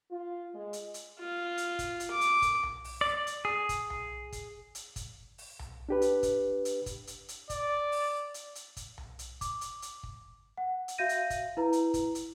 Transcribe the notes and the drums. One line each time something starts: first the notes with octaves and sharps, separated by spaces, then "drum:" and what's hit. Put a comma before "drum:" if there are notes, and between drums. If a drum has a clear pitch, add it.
F4
G#3
drum: hi-hat
drum: hi-hat
F4
drum: hi-hat
drum: kick, hi-hat
drum: hi-hat
D6
drum: hi-hat
drum: kick, hi-hat
drum: tom B1
drum: open hi-hat
D5
drum: hi-hat
G#4
drum: kick, hi-hat
drum: tom B1
drum: kick, hi-hat
drum: hi-hat
drum: kick, hi-hat
drum: open hi-hat
drum: tom B1
D4 G4 B4
drum: hi-hat
drum: kick, hi-hat
drum: hi-hat
drum: kick, hi-hat
drum: hi-hat
drum: hi-hat
D5, drum: kick, hi-hat
drum: open hi-hat
drum: hi-hat
drum: hi-hat
drum: kick, hi-hat
drum: tom B1
drum: hi-hat
D6, drum: kick, hi-hat
drum: hi-hat
drum: hi-hat
drum: kick
F#5
drum: hi-hat
F#4 E5 F5 G6 A#6 D#7
drum: hi-hat
drum: kick, hi-hat
E4 B4 A#5
drum: hi-hat
drum: kick, hi-hat
drum: hi-hat